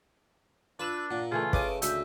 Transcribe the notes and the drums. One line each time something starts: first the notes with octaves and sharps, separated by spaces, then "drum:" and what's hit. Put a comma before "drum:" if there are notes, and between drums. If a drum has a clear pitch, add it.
D4 F4 B4 E6 F#6
A#2 F#5
C#3 E3 A3 F4
C#3 B4 D#5 D6 D#7, drum: kick
D2 E5 G6, drum: hi-hat